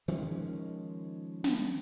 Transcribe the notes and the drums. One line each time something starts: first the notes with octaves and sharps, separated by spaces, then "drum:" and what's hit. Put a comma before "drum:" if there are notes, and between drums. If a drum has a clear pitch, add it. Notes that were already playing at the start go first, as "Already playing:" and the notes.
D#3 F3 G#3 C#4
drum: snare